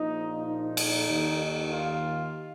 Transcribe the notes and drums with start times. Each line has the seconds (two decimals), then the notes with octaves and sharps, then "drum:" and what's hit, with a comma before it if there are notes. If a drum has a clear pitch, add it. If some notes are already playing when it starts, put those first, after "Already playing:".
Already playing: A#1 A#2 F3 D#4
0.45 D#4
0.77 drum: cymbal
1.07 D#2 D#3
1.71 F4